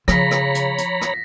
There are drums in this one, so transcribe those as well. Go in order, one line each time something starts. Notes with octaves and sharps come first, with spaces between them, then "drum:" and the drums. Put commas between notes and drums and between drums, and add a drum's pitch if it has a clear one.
C#3 F3 C#5 A#5 B5 A#6 B6, drum: rim click
drum: rim click
drum: hi-hat
drum: hi-hat
drum: rim click